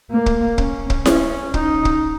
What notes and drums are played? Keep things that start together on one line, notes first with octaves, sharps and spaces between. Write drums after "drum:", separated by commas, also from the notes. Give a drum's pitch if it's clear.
A#3
drum: kick
C#4, drum: kick
drum: kick
C#4, drum: snare E4
D#4, drum: kick
drum: kick